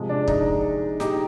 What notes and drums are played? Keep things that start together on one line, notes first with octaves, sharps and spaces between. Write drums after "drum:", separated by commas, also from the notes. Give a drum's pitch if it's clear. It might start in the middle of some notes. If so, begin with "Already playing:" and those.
Already playing: C3 F3 G#3
D4
D#4, drum: kick
D#4 G4, drum: snare